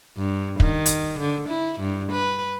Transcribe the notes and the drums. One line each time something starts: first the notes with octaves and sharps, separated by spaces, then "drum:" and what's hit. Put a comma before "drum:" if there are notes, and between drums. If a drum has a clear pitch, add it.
G2
D#3, drum: kick
drum: hi-hat
D3
E4
G2
B4